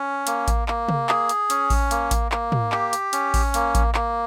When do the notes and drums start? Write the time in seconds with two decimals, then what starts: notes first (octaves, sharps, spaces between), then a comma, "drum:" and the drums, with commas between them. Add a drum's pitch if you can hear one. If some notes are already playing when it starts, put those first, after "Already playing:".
Already playing: C#4
0.27 A#3, drum: hi-hat
0.48 drum: kick A1, hi-hat
0.68 A#3, drum: clap
0.89 drum: tom
1.09 G#4, drum: clap
1.29 drum: hi-hat
1.50 C#4, drum: hi-hat
1.70 drum: kick A1, open hi-hat
1.91 A#3, drum: hi-hat
2.11 drum: kick A1, hi-hat
2.32 A#3, drum: clap
2.52 drum: tom
2.72 G4, drum: clap
2.93 drum: hi-hat
3.13 C#4, drum: hi-hat
3.34 drum: kick A1, open hi-hat
3.54 A#3, drum: hi-hat
3.75 drum: kick A1, hi-hat
3.95 A#3, drum: clap